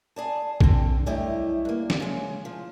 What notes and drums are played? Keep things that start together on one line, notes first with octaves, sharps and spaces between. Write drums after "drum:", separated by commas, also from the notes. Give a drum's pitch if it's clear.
G#4 D5 A5
D3 C4, drum: kick A#1
F#2 G3 A3 E4 G4 D#5
G2 A#3
drum: snare
C#3 G#3
F3